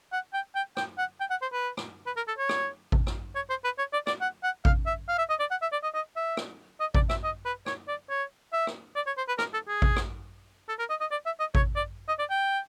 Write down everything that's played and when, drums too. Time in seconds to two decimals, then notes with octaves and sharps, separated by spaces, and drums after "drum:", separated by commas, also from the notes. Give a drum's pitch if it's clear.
0.12 F#5
0.34 G5
0.55 G5
0.77 G5, drum: rim click
0.98 F#5
1.20 G5
1.30 F#5
1.42 C5
1.53 B4
1.77 drum: rim click
2.06 B4
2.16 A#4
2.28 A4
2.38 C#5
2.49 drum: rim click
2.92 drum: kick A1
3.07 drum: rim click
3.35 C#5
3.50 C5
3.64 B4
3.78 C#5
3.93 D5
4.07 D5, drum: rim click
4.21 F#5
4.43 F#5
4.65 F5, drum: kick A1
4.86 E5
5.08 F5
5.18 E5
5.29 D#5
5.40 D5
5.51 F#5
5.62 E5
5.72 D5
5.83 D#5
5.94 D#5
6.16 E5
6.37 drum: rim click
6.80 D#5
6.95 D5, drum: kick A1
7.09 E5, drum: rim click
7.23 D#5
7.45 B4
7.66 C#5, drum: rim click
7.88 D5
8.10 C#5
8.53 E5
8.67 drum: rim click
8.96 D5
9.06 C#5
9.18 C5
9.28 B4
9.38 A#4, drum: rim click
9.53 A4
9.68 G#4
9.82 drum: kick A1
9.96 drum: rim click
10.69 A4
10.79 A#4
10.90 D#5
11.00 D#5
11.11 D5
11.26 E5
11.40 D#5
11.55 C#5, drum: kick A1
11.76 D5
12.08 D#5
12.19 D5
12.30 G5